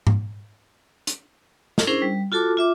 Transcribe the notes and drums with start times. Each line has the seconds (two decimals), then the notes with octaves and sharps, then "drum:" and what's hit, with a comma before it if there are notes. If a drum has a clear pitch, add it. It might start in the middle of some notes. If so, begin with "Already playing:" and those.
0.07 drum: tom G#2
1.07 drum: hi-hat
1.78 drum: snare
1.87 C#4 D4 E4 G#4 A#4 C5
2.02 G3
2.32 F4 F#4 A4 A5 D6
2.57 F4 E5 D6